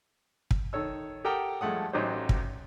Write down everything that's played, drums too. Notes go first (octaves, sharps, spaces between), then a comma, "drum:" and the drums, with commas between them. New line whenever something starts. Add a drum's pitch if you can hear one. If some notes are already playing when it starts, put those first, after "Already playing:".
drum: kick
D#3 A4 C#5 E6
G4 A4 A#4 F#5 G5 D#6
G2 F3 G#3 A3 F#5 D#6
A1 F#3 D#4 G4 C5
drum: kick